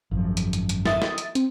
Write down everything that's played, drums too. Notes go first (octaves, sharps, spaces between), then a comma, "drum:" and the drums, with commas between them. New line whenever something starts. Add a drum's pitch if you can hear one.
G#1 F#2 F3
drum: hi-hat
drum: hi-hat
drum: hi-hat
E5 D#6 A6, drum: snare
drum: snare
drum: hi-hat
C4, drum: hi-hat